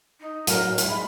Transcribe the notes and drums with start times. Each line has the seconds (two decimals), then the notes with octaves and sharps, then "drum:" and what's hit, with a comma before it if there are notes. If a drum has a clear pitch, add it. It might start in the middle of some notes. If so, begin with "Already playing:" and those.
0.20 D#4
0.47 A2 F#3 A#4, drum: hi-hat
0.78 drum: hi-hat
0.89 G#3 B5